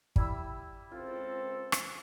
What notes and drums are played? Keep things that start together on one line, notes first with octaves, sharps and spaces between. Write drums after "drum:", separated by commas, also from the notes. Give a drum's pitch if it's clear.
G3 E4 E6, drum: kick
C#2 C4 F4 A4
drum: rim click